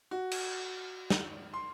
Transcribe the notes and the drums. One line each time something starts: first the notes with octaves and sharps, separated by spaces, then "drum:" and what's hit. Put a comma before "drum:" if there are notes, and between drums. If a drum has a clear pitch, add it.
F#4
drum: cymbal
drum: snare
C6